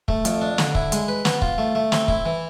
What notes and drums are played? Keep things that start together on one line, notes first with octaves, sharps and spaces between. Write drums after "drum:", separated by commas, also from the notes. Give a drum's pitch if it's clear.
A3, drum: kick
F2, drum: hi-hat
D4
D3, drum: snare
E4, drum: kick
G#3, drum: hi-hat
B4
B3, drum: snare
F4, drum: kick
A3
A3
C4, drum: snare
E4, drum: kick
E3